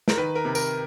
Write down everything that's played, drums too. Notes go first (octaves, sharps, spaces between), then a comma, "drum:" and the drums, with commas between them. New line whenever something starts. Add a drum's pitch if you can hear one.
A#4, drum: snare
D#3 B4
A#4
C3
A#4, drum: tambourine